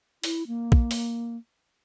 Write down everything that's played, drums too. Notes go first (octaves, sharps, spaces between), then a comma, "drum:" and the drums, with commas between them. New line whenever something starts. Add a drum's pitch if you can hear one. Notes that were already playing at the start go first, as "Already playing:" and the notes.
E4, drum: open hi-hat
A#3
drum: kick
drum: open hi-hat